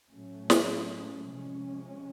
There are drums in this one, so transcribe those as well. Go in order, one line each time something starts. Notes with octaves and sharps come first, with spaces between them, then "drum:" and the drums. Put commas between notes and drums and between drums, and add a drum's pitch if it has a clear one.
A2 F#3 A3 C#4
drum: snare
C3 F3 G#3 C#4